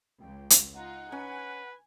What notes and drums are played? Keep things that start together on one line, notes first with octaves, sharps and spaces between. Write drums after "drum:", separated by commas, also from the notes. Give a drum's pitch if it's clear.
C#2 G5
drum: hi-hat
D#4 F4 F#5
C#4 B4 G#5